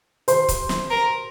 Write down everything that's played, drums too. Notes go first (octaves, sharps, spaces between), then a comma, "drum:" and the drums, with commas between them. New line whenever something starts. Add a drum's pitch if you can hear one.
C5 C6, drum: hi-hat
drum: kick C#1, hi-hat
drum: snare
A#4